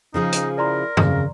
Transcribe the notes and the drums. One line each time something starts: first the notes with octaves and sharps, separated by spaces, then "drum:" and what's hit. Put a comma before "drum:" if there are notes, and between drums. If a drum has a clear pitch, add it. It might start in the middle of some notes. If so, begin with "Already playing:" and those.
C#3 F3 D#4 G#4
drum: hi-hat
E4 A#4 D5 A#5 C6
F2 C#3, drum: tom G2